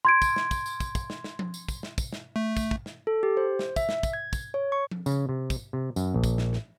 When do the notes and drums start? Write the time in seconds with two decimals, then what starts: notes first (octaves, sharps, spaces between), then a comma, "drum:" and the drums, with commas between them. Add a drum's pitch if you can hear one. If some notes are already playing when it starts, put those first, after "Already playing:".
0.05 C6 G#6 D7
0.22 drum: kick, tambourine
0.36 drum: snare
0.51 drum: kick, tambourine
0.66 drum: tambourine
0.80 drum: kick, tambourine
0.95 drum: kick, tambourine
1.10 drum: snare
1.24 drum: snare
1.39 drum: tom F3
1.54 drum: tambourine
1.68 drum: kick, tambourine
1.83 drum: snare
1.98 drum: kick, tambourine
2.13 drum: snare
2.36 A3
2.57 drum: kick, tambourine
2.71 drum: kick
2.86 drum: snare
3.07 A4
3.23 G4
3.37 C5
3.59 drum: snare
3.76 E5, drum: kick, tambourine
3.89 drum: snare
4.03 drum: kick, tambourine
4.13 G#6
4.33 drum: kick, tambourine
4.54 C#5
4.72 C#6
4.91 drum: tom F3
5.06 C#3, drum: tambourine
5.29 C3
5.50 drum: kick, tambourine
5.73 C3
5.96 F#2, drum: tambourine
6.14 A#1
6.24 drum: kick, tambourine
6.38 drum: snare
6.53 drum: snare